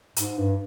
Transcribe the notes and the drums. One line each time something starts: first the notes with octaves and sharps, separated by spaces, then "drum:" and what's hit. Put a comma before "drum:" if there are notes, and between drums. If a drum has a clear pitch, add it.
G#2, drum: hi-hat
G2